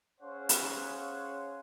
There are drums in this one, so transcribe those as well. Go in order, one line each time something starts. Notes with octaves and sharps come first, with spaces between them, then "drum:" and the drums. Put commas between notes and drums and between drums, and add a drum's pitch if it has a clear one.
C#4 G#4 C5 C#5 F5 F#5
drum: hi-hat